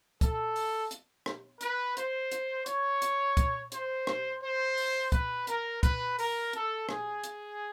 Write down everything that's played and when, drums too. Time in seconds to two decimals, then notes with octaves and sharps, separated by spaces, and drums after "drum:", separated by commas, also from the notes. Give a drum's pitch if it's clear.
0.21 A4, drum: kick, hi-hat
0.56 drum: open hi-hat
0.91 drum: hi-hat
1.26 drum: rim click
1.61 B4, drum: hi-hat
1.97 C5, drum: hi-hat
2.32 drum: hi-hat
2.66 C#5, drum: hi-hat
3.02 drum: hi-hat
3.37 drum: kick, hi-hat
3.72 C5, drum: hi-hat
4.07 drum: rim click
4.42 C5
4.78 drum: open hi-hat
5.12 B4, drum: kick, hi-hat
5.47 A#4, drum: hi-hat
5.83 B4, drum: kick, hi-hat
6.19 A#4, drum: open hi-hat
6.53 A4, drum: hi-hat
6.89 G#4, drum: rim click
7.24 drum: hi-hat